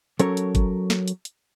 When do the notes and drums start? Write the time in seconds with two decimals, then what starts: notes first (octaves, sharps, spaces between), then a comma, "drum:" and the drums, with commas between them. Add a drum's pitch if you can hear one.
0.19 F#3 C#4 A4 A#4 C#5, drum: hi-hat
0.37 drum: hi-hat
0.55 drum: kick G1, hi-hat
0.90 drum: snare
1.08 drum: hi-hat
1.25 drum: hi-hat